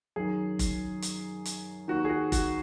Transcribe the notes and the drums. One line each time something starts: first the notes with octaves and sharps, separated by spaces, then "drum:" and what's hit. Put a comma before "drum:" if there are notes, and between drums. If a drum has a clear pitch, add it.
F#2 D#3 G#4
drum: kick F1, hi-hat
drum: hi-hat
drum: hi-hat
D#2 D#3 F#4
G#4
F#4
F#4, drum: kick F1, hi-hat